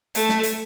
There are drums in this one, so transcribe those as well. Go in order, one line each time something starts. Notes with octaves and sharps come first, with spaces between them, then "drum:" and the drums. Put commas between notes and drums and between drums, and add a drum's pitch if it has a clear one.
A3, drum: hi-hat
drum: snare
drum: hi-hat